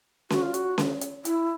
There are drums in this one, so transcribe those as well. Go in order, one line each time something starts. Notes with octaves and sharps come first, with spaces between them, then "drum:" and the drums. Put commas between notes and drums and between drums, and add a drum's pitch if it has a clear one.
F#4, drum: snare C#4
F4
F#4, drum: hi-hat
drum: snare C#4
drum: hi-hat
E4, drum: hi-hat